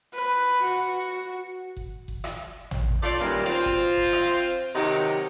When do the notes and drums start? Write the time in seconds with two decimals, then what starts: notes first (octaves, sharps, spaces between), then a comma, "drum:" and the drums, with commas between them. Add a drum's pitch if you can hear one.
0.13 B4
0.63 F#4
1.77 drum: kick F#1
2.08 drum: kick F#1
2.24 drum: rim click
2.71 drum: tom
3.03 A3 F4 C#5 D5
3.21 F#2 A#2 D#3 E3 F#3 G3
3.46 C4 F4 C5
3.66 drum: kick F#1
3.97 drum: kick F#1
4.13 drum: rim click
4.75 C3 D#3 F#3 D#4 G4